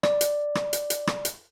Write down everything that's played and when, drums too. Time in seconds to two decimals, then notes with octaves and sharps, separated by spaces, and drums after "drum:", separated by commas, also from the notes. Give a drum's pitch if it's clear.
0.03 D5, drum: rim click
0.21 drum: hi-hat
0.55 drum: rim click
0.73 drum: hi-hat
0.90 drum: hi-hat
1.07 drum: rim click
1.25 drum: hi-hat